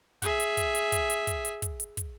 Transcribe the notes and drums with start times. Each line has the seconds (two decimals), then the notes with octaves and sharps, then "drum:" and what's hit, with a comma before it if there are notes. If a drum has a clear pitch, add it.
0.22 G#4 E5, drum: kick, hi-hat
0.40 drum: hi-hat
0.57 drum: kick, hi-hat
0.75 drum: hi-hat
0.92 drum: kick, hi-hat
1.10 drum: hi-hat
1.27 drum: kick, hi-hat
1.45 drum: hi-hat
1.62 drum: kick, hi-hat
1.80 drum: hi-hat
1.97 drum: kick, hi-hat